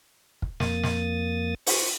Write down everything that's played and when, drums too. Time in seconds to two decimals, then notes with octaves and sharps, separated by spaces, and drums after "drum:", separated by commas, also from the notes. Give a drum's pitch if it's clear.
0.42 drum: kick
0.60 F2 A#3 D#6 A6, drum: snare
0.83 drum: snare
1.67 C5 C#6, drum: open hi-hat